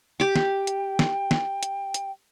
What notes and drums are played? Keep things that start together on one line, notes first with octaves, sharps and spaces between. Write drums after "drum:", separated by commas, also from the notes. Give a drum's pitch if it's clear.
G4 G5 D6
drum: snare
drum: hi-hat
drum: snare
drum: snare
drum: hi-hat
drum: hi-hat